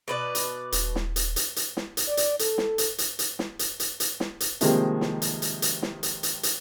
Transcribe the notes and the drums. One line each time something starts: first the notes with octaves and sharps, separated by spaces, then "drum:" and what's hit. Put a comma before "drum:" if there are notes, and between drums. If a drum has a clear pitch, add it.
B2 B4 D5
drum: hi-hat
D#1, drum: hi-hat
drum: snare
drum: hi-hat
drum: hi-hat
drum: hi-hat
drum: snare
drum: hi-hat
D5
drum: hi-hat
A4, drum: hi-hat
drum: snare
drum: hi-hat
drum: hi-hat
drum: hi-hat
drum: snare
drum: hi-hat
drum: hi-hat
drum: hi-hat
drum: snare
drum: hi-hat
C3 D#3 F3 G3 G#3 A#3, drum: hi-hat
drum: snare
drum: hi-hat
drum: hi-hat
drum: hi-hat
drum: snare
drum: hi-hat
drum: hi-hat
drum: hi-hat